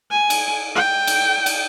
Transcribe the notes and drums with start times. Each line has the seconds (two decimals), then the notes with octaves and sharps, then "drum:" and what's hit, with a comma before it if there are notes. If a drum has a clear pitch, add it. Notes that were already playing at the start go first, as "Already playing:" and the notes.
0.11 G#5
0.30 drum: cymbal
0.75 G5
1.07 drum: cymbal
1.46 drum: cymbal